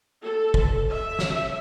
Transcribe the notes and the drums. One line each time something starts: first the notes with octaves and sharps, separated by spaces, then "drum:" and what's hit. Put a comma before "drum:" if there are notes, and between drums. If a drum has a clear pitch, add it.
A4
drum: kick
E5
drum: snare